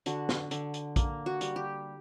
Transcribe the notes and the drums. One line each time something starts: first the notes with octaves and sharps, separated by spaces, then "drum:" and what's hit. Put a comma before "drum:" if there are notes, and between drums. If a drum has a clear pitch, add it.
D3 F#4, drum: hi-hat
drum: snare
D3, drum: hi-hat
drum: hi-hat
A#3, drum: kick A#1, hi-hat
F#4
G3, drum: hi-hat
G4